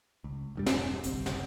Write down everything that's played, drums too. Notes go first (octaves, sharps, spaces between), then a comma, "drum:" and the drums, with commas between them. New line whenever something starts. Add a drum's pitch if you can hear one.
C#2
E1 G2 G3
drum: snare
D1 G1 C2 C4, drum: hi-hat
F#1, drum: snare